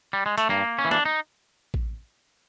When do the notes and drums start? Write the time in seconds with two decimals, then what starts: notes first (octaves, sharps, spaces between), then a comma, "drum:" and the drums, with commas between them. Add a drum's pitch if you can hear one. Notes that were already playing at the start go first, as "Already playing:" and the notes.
0.13 G3
0.26 G#3
0.38 A3, drum: hi-hat
0.49 G2 A#3
0.79 C#4
0.85 E3
0.91 D4, drum: snare
1.05 D#4
1.74 drum: kick A1